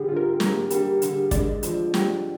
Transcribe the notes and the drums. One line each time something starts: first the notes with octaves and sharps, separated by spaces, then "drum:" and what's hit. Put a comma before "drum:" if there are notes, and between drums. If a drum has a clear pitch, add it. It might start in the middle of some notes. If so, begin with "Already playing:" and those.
Already playing: D3 G3 G4 G#4
F4
A#4
A#3, drum: snare
G3, drum: hi-hat
D3, drum: hi-hat
G#3 D5, drum: kick, hi-hat
F3, drum: hi-hat
G4, drum: snare